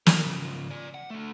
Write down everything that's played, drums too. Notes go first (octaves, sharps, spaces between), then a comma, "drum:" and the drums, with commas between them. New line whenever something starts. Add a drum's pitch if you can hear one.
A#4, drum: snare
C#3 F3
D5 G#5
F#5
D3 A3